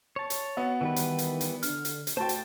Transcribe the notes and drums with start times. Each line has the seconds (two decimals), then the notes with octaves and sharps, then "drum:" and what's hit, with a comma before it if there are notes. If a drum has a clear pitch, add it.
0.16 C#5 A5
0.30 drum: hi-hat
0.57 B3 F#4
0.81 D#3 E3 G3 B4
0.96 drum: hi-hat
1.18 drum: hi-hat
1.41 drum: hi-hat
1.63 D3 F6, drum: hi-hat
1.85 drum: hi-hat
2.07 drum: hi-hat
2.17 A2 F#4 C5 G5 A5
2.29 drum: hi-hat